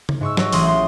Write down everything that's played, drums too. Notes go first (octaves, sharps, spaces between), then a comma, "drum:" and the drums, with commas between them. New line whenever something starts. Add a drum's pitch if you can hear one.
drum: tom C#3
G#2 C#6 E6
F#3 C#6 E6, drum: snare
A1 C6 D#6, drum: open hi-hat
C6 D#6